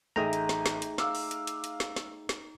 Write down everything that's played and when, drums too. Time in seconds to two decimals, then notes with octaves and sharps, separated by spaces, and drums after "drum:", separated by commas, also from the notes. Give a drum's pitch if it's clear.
0.16 A1 A3 D#4 G#4 E5 G5 A#5 D#6
0.33 drum: hi-hat
0.49 drum: snare
0.66 drum: snare
0.82 drum: hi-hat
0.98 F5 D6 E6, drum: snare
1.15 drum: open hi-hat
1.31 drum: hi-hat
1.47 drum: hi-hat
1.64 drum: hi-hat
1.80 drum: snare
1.96 drum: snare
2.29 drum: snare